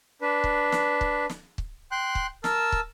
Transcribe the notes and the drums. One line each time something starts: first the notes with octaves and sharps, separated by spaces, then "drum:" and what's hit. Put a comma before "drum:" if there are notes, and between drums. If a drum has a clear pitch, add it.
D4 B4
drum: kick
drum: snare
drum: kick
drum: snare
drum: kick
G5 C6 F#6
drum: kick
A#4 A5 E6, drum: snare
drum: kick